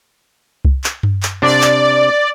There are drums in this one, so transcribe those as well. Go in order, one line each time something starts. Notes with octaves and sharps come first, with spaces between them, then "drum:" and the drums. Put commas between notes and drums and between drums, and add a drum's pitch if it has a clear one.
drum: kick C2
drum: clap
drum: tom G2
drum: clap
C3 D4 D5
drum: clap